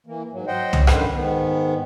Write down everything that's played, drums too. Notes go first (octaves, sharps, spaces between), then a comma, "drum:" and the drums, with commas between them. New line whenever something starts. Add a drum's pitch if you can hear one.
E3 A#3
G#2 F#3
F#3 C5 D#5 F#5 G5
drum: tom C2
F#2 D3 D#3 B4 C5, drum: rim click
G#2 D#3 B3